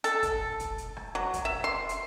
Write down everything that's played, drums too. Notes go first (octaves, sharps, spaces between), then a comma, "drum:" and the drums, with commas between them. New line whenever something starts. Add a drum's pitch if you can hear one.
A4, drum: hi-hat
drum: kick, hi-hat
drum: kick, hi-hat
drum: hi-hat
drum: rim click
F#3
drum: kick, hi-hat
E5
C6
drum: hi-hat